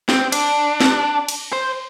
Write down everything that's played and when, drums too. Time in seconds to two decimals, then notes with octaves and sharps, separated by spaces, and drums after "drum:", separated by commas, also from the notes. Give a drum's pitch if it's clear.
0.09 C4, drum: snare
0.32 D4, drum: cymbal
0.80 drum: snare
1.28 drum: cymbal
1.53 C5